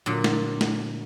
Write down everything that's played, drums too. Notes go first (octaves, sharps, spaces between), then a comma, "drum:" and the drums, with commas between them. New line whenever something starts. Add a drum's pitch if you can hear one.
A#2 D3 F#3
drum: snare
drum: snare